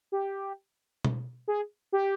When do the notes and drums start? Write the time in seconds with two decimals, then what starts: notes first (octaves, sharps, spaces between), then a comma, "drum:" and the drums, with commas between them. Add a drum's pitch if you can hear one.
0.12 G4
1.05 drum: tom
1.48 G#4
1.92 G4